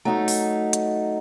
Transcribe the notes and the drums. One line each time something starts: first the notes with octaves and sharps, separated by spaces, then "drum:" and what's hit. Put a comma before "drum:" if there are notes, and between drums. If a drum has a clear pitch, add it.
F#3 A3 D#4 F#5 A#5
drum: open hi-hat
drum: hi-hat